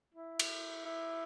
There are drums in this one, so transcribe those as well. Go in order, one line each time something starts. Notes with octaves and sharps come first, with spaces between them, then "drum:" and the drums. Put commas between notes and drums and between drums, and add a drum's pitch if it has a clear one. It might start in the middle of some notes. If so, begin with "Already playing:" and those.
E4
drum: cymbal
E4